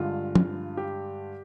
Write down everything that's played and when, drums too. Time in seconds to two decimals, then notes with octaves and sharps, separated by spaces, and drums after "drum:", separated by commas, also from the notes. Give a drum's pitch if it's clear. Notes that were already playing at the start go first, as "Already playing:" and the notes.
Already playing: G2 D3 G#3 F4
0.35 drum: tom
0.77 G4